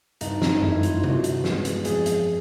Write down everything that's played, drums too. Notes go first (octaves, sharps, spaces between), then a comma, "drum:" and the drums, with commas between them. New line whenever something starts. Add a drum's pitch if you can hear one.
G2 D#4, drum: hi-hat
D#4, drum: snare
E3 A3 E4, drum: tom F#2
F4, drum: hi-hat
F4
G2 F#4, drum: tom C3
drum: hi-hat
E3 G#3 B3, drum: snare
drum: hi-hat
F2 G#4, drum: hi-hat
drum: hi-hat